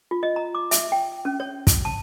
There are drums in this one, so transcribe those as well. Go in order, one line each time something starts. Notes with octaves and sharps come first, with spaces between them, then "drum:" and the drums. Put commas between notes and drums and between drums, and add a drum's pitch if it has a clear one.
F4
D#5
A#5
D6
E5, drum: hi-hat
G5
C#4
C#5
drum: kick, hi-hat
A5